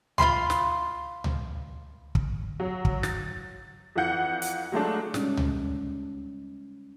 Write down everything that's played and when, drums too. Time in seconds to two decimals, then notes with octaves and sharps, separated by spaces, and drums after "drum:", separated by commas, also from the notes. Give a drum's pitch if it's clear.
0.18 F4 F5 B5 C6, drum: tom C#2
0.50 drum: snare
1.24 drum: tom C#2
2.15 drum: kick
2.60 F#3
2.85 drum: kick
3.03 A6, drum: snare
3.96 F2 E3 F5 F#5 G6 C#7
4.42 drum: hi-hat
4.72 F#3 G#3 A3 D4
5.14 G3 G#3 C#4 D#4, drum: snare
5.37 drum: tom C#2